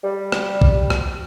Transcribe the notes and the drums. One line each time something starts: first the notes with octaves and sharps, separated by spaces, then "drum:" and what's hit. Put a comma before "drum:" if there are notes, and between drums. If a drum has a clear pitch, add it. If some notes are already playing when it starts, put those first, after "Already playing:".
G3
drum: rim click
drum: kick
drum: rim click